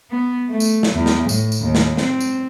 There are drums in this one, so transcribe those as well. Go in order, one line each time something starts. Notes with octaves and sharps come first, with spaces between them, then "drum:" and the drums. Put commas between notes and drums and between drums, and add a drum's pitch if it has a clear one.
B3
A3
drum: tambourine
drum: snare
E2
drum: snare
A2, drum: tambourine
drum: tambourine
D#2
drum: snare
C4, drum: snare
drum: tambourine